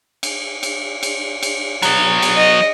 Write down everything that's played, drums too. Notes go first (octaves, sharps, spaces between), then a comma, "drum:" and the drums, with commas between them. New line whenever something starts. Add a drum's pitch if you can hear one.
drum: cymbal
drum: cymbal
drum: cymbal
drum: cymbal
F#3 B3, drum: cymbal
drum: cymbal
D#5